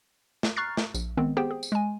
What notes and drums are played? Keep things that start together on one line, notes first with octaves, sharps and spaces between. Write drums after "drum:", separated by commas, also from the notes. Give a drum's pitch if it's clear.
drum: snare
A#5 C#6 F6 F#6 A6 C7
drum: snare
A#1, drum: tambourine
D#3 G#3 B3 C4
B3 G4 G#4 C5 G5
G#4
drum: tambourine
G#3 G#5